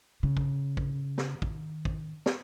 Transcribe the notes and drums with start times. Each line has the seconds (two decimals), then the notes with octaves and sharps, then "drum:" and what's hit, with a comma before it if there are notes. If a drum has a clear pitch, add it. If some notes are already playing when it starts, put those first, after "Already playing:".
0.23 C#3
0.37 drum: kick
0.77 drum: kick
1.18 drum: snare
1.42 D#3, drum: kick
1.85 drum: kick
2.26 drum: snare